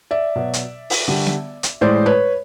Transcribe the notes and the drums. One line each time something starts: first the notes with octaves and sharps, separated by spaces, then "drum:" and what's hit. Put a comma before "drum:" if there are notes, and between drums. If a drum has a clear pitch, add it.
D5 E5
B2 F#3
drum: hi-hat
drum: open hi-hat
D3 G3
drum: snare B3
drum: hi-hat
A2 E3 G#3 C5 D5
B4 C#5